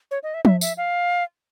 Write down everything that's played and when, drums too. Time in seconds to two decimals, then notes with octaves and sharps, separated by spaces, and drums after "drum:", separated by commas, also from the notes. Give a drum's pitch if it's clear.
0.11 C#5
0.23 D#5
0.34 E5
0.45 E5, drum: tom F3
0.61 E5, drum: tambourine
0.77 F5